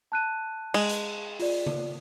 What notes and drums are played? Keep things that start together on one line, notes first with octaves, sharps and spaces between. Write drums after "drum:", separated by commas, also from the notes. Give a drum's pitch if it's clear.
A5 F#6 D#7
G#3, drum: cymbal
drum: hi-hat
F4 D5, drum: open hi-hat
drum: tom C#3